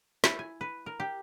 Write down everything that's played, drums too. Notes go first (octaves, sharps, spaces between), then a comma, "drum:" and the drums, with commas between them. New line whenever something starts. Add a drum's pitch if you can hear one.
E4, drum: snare
G#5
B4
A#4
G4